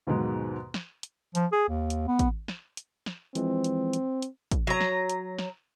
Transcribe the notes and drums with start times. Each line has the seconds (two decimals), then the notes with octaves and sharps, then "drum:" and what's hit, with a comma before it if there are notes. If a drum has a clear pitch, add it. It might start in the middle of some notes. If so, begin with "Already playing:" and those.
0.07 D#2 G#2 B2 D#3 F#3 G#3
0.74 drum: snare
1.03 drum: hi-hat
1.35 F3, drum: hi-hat
1.52 G#4
1.69 D#2
1.90 drum: hi-hat
2.08 B3
2.19 drum: kick, hi-hat
2.48 drum: snare
2.77 drum: hi-hat
3.06 drum: snare
3.35 E3 F3 G#3 C4, drum: hi-hat
3.64 drum: hi-hat
3.93 drum: hi-hat
4.22 drum: hi-hat
4.51 drum: kick, hi-hat
4.67 F#3 A#5
4.80 drum: snare
5.09 drum: hi-hat
5.39 drum: snare